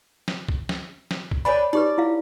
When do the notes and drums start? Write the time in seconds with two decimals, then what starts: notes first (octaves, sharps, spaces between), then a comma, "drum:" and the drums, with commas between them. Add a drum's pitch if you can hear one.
0.28 drum: snare
0.49 drum: kick
0.69 drum: snare
1.11 drum: snare
1.31 drum: kick
1.45 D4 B4 C#5 D5 G#5 B5
1.73 D#4 G4 B4 D5
1.98 E4 F5